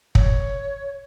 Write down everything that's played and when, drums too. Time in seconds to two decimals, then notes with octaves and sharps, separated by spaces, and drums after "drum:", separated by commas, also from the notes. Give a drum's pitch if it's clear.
0.15 C#5, drum: kick